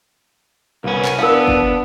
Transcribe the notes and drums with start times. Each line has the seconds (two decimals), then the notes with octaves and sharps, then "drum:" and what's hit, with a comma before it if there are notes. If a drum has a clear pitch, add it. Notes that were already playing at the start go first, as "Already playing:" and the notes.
0.84 C2 B3 C#4
1.05 drum: clap
1.19 B3 D4 A#4 F5
1.47 drum: kick F#1